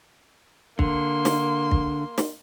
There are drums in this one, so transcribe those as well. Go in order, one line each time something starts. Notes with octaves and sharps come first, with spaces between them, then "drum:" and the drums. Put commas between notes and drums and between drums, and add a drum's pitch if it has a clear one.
D3 A#3 C6, drum: kick
drum: snare
drum: kick
drum: snare